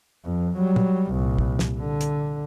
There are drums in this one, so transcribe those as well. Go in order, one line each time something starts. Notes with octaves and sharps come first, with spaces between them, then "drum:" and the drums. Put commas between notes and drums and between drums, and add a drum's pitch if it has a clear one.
F2
F#3 G3
drum: tom
C2 A#2
drum: kick
drum: snare
D3
drum: hi-hat